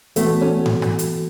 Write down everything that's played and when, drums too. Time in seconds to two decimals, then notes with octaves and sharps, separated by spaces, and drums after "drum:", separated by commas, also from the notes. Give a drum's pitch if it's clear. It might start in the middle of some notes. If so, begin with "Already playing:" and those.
0.16 E3 A3 B3 F#4 A4, drum: hi-hat
0.41 C#4
0.66 drum: tom G#2
0.82 drum: rim click
0.99 drum: hi-hat